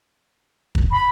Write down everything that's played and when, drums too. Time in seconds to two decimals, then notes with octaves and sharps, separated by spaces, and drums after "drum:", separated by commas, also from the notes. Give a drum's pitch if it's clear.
0.75 drum: kick
0.92 B5